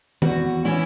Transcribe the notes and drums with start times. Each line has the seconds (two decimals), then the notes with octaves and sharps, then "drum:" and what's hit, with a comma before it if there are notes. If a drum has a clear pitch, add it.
0.22 E2 F#4, drum: tom
0.65 E3 C#4 E4